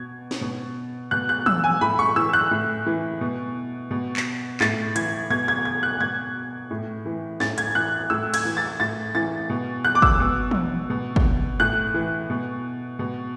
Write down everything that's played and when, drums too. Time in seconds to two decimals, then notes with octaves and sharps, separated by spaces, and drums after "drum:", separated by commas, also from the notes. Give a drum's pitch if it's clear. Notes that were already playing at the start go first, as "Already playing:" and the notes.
Already playing: B2 G#6
0.31 drum: snare
0.41 B2
1.11 B2 F#6
1.29 F#6
1.46 E6, drum: tom E3
1.64 G#5
1.81 A2 B5
1.99 C#6
2.16 E3 E6
2.33 F#6
2.51 A2
2.86 E3
3.21 B2
3.91 B2
4.17 drum: clap
4.60 A2 A6, drum: clap
4.96 E3 G#6, drum: hi-hat
5.30 B2 G#6
5.48 G#6
5.65 G#6
5.83 F#6
6.00 B2 G#6
6.71 A2
7.06 E3
7.40 A2 A6, drum: snare
7.58 G#6, drum: hi-hat
7.75 E3 F#6
8.10 A2 E6
8.34 G#6, drum: cymbal
8.45 E3
8.57 A6
8.80 A2 A6
9.15 E3 A6
9.50 B2
9.85 F#6
9.95 D6
10.02 E6, drum: kick
10.20 B2
10.51 drum: tom E3
10.90 B2
11.16 drum: kick
11.60 A2 F#6
11.94 E3
12.30 B2
12.99 B2